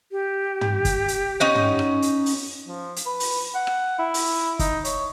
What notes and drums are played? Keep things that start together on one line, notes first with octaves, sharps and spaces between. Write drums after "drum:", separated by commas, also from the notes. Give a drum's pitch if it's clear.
G4
drum: tom
drum: kick, hi-hat
drum: hi-hat
C#4 D#4 F#5
drum: tom
drum: rim click
drum: hi-hat
drum: open hi-hat
F3
drum: hi-hat
B4
drum: open hi-hat
F#5
drum: rim click
E4
drum: open hi-hat
D#4, drum: kick, hi-hat
C#5, drum: hi-hat